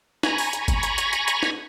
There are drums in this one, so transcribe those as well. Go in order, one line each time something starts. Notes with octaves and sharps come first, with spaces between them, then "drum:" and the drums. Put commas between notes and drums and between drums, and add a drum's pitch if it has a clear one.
G#5 A#5 B5 C#6, drum: snare
drum: open hi-hat
drum: hi-hat
drum: kick G1, hi-hat
drum: hi-hat
drum: hi-hat
drum: hi-hat
drum: hi-hat
drum: snare